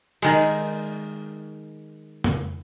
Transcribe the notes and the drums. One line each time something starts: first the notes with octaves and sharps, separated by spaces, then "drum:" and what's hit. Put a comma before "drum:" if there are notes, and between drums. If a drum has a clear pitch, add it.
D#3 G#3, drum: cymbal
drum: tom